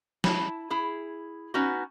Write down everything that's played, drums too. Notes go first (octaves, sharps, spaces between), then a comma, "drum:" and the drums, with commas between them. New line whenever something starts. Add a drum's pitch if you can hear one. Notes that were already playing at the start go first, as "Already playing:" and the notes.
E4 A5, drum: snare
E4 G#4
B3 C#4 D#4 F#4